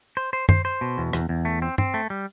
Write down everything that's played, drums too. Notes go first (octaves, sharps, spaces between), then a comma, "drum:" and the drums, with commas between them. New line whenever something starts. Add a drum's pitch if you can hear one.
C5
C5
C5, drum: tom F#2
C5
B2
E2
E2, drum: rim click
E2
A3
C4
C4, drum: tom
A3
G3